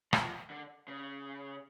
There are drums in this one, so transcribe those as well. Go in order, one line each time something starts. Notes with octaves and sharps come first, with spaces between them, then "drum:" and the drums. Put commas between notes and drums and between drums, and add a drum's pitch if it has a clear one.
F3, drum: rim click
D3
C#3